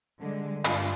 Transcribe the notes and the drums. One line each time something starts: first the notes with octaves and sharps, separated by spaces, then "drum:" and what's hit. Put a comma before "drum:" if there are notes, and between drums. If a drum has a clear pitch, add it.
D3 G3 G#3
G2 D4 F4, drum: hi-hat